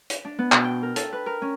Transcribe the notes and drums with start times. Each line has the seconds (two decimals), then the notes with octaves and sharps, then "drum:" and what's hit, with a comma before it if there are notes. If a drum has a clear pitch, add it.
0.10 drum: hi-hat
0.25 D4
0.39 B3
0.52 B2, drum: clap
0.64 G5
0.83 A#4
0.96 A4, drum: hi-hat
1.13 B4
1.26 A#4
1.42 C#4